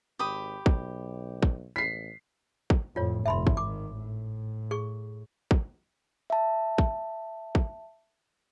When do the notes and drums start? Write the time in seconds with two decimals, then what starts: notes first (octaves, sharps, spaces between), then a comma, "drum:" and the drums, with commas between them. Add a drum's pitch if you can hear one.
0.19 G#1 G4 B5 D#6
0.66 B1, drum: kick
1.42 drum: kick
1.76 A1 B6 C7
2.70 drum: kick
2.96 F2 A2 F4 C#5
3.26 F1 G2 E5 B5 C6
3.47 drum: kick
3.57 G#1 D#3 D6
3.97 A2
4.71 G#4 C#6
5.51 drum: kick
6.30 E5 A5
6.78 drum: kick
7.55 drum: kick